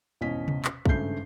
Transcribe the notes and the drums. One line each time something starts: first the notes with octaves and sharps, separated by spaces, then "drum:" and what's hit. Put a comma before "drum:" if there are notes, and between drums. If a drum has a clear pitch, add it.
G#1 E2 B2 C#4 D#5 B6
drum: tom C3
drum: clap
G#1 G2 C#3 A3 G6 C7, drum: kick